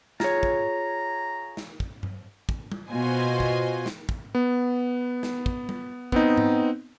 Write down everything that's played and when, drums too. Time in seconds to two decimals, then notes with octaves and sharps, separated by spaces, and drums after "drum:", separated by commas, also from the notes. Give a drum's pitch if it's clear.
0.20 F4 G#4 C#5 A#5, drum: snare
0.43 drum: kick
1.57 drum: snare
1.80 drum: kick
2.03 drum: tom G2
2.49 drum: kick
2.72 drum: tom G3
2.91 B2 F4 F#4 C5 D#5 G#5
3.40 drum: kick
3.86 drum: snare
4.09 drum: kick
4.35 B3
5.23 drum: snare
5.46 drum: kick
5.69 drum: tom G3
6.12 B3 C4 D#4, drum: kick
6.37 drum: tom G#2